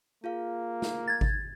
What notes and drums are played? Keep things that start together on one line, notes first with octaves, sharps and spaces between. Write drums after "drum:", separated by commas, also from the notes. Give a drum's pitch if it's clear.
A#3 F4 G#4 F5
drum: snare
G#6 A6
drum: kick G#1